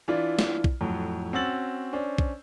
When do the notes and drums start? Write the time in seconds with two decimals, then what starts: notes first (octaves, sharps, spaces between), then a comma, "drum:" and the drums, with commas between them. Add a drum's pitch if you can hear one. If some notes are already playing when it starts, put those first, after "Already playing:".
0.08 E3 D4 E4 F4
0.39 drum: snare
0.64 drum: kick
0.81 F2 A2 F#3
1.33 C4 C#4 F#4 E6 A6 F#7
1.93 C#4 D4 C5
2.18 drum: kick